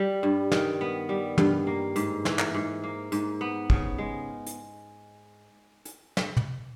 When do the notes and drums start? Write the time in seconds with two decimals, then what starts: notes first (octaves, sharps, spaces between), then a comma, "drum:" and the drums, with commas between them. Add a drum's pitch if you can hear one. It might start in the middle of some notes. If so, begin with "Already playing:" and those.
Already playing: G3
0.23 G2
0.52 D#3, drum: snare
0.81 B3
1.09 G3
1.38 G2, drum: tom
1.67 A#3
1.96 G#2, drum: hi-hat
2.25 E3, drum: snare
2.39 drum: clap
2.54 G#2
2.83 A#3
3.12 G#2, drum: hi-hat
3.41 B3
3.70 C#3, drum: kick
3.98 G#3
4.47 drum: hi-hat
5.85 drum: hi-hat
6.17 drum: snare
6.37 drum: tom